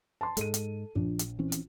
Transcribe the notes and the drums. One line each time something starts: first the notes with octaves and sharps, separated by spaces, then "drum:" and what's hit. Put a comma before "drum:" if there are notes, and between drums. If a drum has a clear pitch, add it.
A5 C6
G#2 G#3 A4 D#7, drum: hi-hat
drum: hi-hat
A#1 F3 D4
drum: hi-hat
E3 C4 C#4
drum: hi-hat